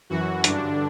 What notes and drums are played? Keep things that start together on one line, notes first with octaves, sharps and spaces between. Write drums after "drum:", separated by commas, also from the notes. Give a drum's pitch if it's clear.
F#2 E3 F#4
G2 D3 D4, drum: hi-hat